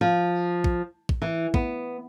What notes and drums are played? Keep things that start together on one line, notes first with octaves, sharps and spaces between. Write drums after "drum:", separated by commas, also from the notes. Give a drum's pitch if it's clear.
F3
drum: kick
drum: kick
E3
B3, drum: kick